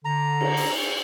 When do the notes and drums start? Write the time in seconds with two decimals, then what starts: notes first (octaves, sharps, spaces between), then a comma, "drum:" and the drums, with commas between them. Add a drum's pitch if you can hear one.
0.05 D3 A#5
0.41 drum: cymbal
0.57 drum: open hi-hat